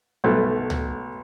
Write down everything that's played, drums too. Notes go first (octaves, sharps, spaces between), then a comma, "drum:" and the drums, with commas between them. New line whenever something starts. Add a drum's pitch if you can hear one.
B1 B2 A3
drum: tom C#2